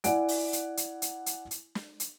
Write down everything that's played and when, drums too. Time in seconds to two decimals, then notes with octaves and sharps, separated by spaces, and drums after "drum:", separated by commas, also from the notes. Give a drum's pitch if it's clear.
0.04 E4 D5 F#5 G#5 D7, drum: hi-hat
0.28 drum: open hi-hat
0.53 drum: hi-hat
0.77 drum: hi-hat
1.02 drum: hi-hat
1.26 drum: hi-hat
1.51 drum: hi-hat
1.75 drum: snare
2.00 drum: hi-hat